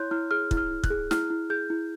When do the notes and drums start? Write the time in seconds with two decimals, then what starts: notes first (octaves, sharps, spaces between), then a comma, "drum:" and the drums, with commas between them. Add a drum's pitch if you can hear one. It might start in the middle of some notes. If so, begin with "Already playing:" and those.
Already playing: E4 C#5 C6 F#6 G6
0.11 E4 F6
0.31 G#4 F6
0.51 E4, drum: kick
0.57 F6
0.71 E4
0.84 F#6, drum: kick
0.90 G#4
1.11 E4 F6, drum: snare
1.30 E4
1.50 G#4 G6
1.70 E4